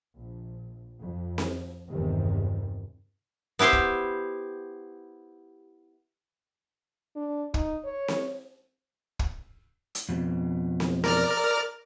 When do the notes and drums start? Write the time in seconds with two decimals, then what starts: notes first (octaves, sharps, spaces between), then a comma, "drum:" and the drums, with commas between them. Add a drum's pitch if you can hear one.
0.15 A#1
0.99 F2
1.38 drum: snare C4
1.90 G1 E2 C3 D#3 G3
3.59 B3 E4 G4 C5
3.73 drum: kick
7.16 D4
7.54 D#4, drum: kick
7.84 C#5
8.08 drum: snare C4
9.19 drum: kick
9.95 drum: hi-hat
10.09 F2 B2
10.80 drum: snare C4
11.04 A#4 D5 F6, drum: snare C4